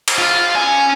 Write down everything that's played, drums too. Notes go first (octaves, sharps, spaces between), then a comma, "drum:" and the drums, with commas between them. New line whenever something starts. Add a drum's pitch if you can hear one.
drum: cymbal
F4
C#4 G#5